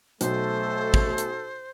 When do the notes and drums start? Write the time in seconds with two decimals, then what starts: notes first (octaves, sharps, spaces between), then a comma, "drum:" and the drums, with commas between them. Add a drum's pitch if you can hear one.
0.21 B1 A3 A4 C5, drum: hi-hat
0.94 drum: kick
1.18 drum: hi-hat